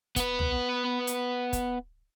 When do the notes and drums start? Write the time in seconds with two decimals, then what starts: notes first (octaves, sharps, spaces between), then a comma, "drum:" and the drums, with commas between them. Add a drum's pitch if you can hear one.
0.16 B3 B4, drum: kick, hi-hat
0.39 drum: tom B1
1.07 drum: hi-hat
1.53 drum: kick, hi-hat